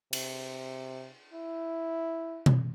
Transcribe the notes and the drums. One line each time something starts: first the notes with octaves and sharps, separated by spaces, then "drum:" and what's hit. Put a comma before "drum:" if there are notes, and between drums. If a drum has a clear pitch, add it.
C3, drum: cymbal
E4
drum: tom B2